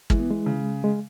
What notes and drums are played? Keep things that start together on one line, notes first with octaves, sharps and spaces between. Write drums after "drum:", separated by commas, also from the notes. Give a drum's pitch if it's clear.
E3 G#3, drum: kick
B3
G#3
C#3
G#3